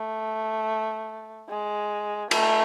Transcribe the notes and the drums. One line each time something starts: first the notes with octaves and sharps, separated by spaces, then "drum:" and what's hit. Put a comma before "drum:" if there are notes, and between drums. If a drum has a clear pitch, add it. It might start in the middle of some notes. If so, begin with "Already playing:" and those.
Already playing: A3
G#3
A3, drum: cymbal